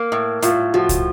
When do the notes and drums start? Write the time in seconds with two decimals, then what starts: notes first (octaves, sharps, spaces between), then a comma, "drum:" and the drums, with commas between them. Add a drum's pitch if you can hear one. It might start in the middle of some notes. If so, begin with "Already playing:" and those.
Already playing: A#3
0.12 A2
0.42 A2 F4, drum: hi-hat
0.74 F3 F#4
0.89 drum: kick, hi-hat